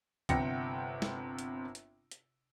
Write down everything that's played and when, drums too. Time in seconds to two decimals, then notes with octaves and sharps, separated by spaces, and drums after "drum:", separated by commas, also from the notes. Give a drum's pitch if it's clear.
0.29 G1 C3 F#5 G5 A#6 C#7, drum: kick C2, hi-hat
1.02 drum: snare
1.39 drum: hi-hat
1.75 drum: hi-hat
2.12 drum: hi-hat